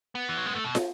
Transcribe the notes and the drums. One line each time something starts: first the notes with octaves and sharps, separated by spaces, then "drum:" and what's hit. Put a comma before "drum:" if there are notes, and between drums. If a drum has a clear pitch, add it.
B3
E3
F#3
G#3
A3
B2
drum: snare